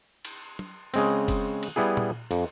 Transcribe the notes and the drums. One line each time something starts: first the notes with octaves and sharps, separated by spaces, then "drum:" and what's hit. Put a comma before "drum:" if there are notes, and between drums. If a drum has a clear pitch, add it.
drum: cymbal
drum: tom
C#3 G#3 C4, drum: cymbal
drum: kick F1, cymbal
drum: cymbal
G3 B3 E4 G#4
drum: tom A#2
F2, drum: cymbal